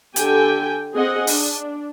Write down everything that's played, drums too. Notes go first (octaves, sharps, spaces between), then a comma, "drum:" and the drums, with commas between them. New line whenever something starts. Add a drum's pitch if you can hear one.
D3 G4 A4 G5 G#5, drum: hi-hat
C4 G#4 D#5 F#5
D4, drum: open hi-hat